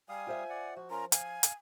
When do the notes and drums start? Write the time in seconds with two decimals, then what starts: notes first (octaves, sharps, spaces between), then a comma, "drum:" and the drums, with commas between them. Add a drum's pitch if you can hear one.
0.09 G3 F5 G#5 D#6
0.27 F4 C5 E5
0.49 D5 F#5
0.76 F3 F#4
0.90 C#4 F4 A#4 A#5
1.12 F5 G#5, drum: hi-hat
1.43 drum: hi-hat